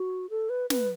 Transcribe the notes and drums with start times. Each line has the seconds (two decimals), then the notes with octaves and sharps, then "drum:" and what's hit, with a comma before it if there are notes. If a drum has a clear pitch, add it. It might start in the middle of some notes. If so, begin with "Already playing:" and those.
Already playing: F#4
0.30 A4
0.50 B4
0.70 B4, drum: snare